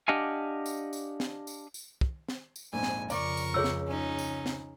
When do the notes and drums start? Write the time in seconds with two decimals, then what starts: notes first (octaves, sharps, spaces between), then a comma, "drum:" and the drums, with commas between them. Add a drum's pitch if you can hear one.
0.08 D4 G4 D#5 F5 F#5 G#5
0.66 drum: tambourine
0.93 drum: tambourine
1.20 drum: snare
1.47 drum: tambourine
1.74 drum: tambourine
2.01 drum: kick
2.29 drum: snare
2.56 drum: tambourine
2.73 A#1 F2 G#2 G#5
2.83 drum: snare
3.10 F2 C#3 A#4 D5 C#6 D6, drum: tambourine
3.37 drum: tambourine
3.54 C#2 G#4 C#5 E6
3.64 drum: snare
3.88 C#4 D#4
4.19 drum: tambourine
4.46 drum: snare